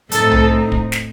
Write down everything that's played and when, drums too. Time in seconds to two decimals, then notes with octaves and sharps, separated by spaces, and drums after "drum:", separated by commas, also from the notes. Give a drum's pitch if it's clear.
0.12 A2 A3 C4 D#4 A4, drum: hi-hat
0.31 drum: tom C2
0.72 drum: kick
0.92 drum: snare